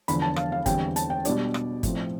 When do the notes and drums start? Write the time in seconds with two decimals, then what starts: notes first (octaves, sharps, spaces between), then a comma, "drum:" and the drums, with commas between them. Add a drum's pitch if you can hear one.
0.08 E2 D3 F3 B5, drum: hi-hat
0.22 A5
0.36 F5, drum: rim click
0.52 F5
0.66 E2 D3 G3 C4 G5, drum: kick G1, hi-hat
0.96 A5, drum: hi-hat
1.10 G5
1.25 B2 G3 B3 D4 D5, drum: hi-hat
1.54 drum: rim click
1.83 A2 F3 C4, drum: kick G1, hi-hat